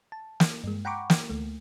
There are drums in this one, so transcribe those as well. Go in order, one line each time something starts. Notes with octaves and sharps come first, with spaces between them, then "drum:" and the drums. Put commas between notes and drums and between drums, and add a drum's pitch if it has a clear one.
A5
drum: snare
G2 G#3
F#5 G5 A#5 B5 C#6 D6
drum: snare
D2 A3